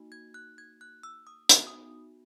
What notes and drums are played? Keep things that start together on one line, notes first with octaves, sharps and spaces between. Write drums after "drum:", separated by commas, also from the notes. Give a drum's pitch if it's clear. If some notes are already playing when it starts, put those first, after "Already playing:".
Already playing: A#3 D#4 F#4
G#6
F#6
G#6
F#6
E6
D#6
B3 D#4 F#4 D#6, drum: hi-hat
D#6